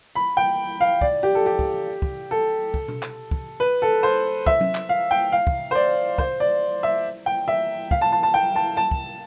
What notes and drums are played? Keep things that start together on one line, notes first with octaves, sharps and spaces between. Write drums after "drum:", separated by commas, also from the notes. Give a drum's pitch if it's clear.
B5
G5
F5
D5, drum: kick
G4
A4
G4
drum: kick
drum: kick
A4
drum: kick
drum: tom B2
drum: clap
drum: kick
B4
A4
C5
E5, drum: kick
drum: tom F#3
drum: clap
F5
G5
F5
drum: kick
C5
D5
C5, drum: kick
D5
E5
G5
E5
F5, drum: kick
A5
A5
A5
G5
A5
A5
drum: kick